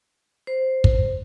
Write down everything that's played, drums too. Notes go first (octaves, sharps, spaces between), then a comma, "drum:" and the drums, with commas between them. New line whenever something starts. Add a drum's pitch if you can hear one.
C5
drum: kick